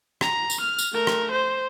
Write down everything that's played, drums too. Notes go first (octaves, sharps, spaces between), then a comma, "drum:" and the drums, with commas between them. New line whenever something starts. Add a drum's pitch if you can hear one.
A#5, drum: rim click
drum: tambourine
F6
drum: tambourine
A3 A#4
drum: rim click
C5